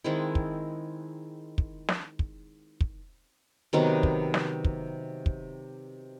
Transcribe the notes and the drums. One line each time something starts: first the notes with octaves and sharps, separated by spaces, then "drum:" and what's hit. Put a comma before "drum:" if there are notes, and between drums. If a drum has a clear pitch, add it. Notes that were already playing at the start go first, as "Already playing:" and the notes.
D#3 G#3 C4 E4
drum: kick
drum: kick
drum: snare
drum: kick
drum: kick
C3 D#3 F#3 B3
drum: kick
drum: snare
drum: kick
drum: kick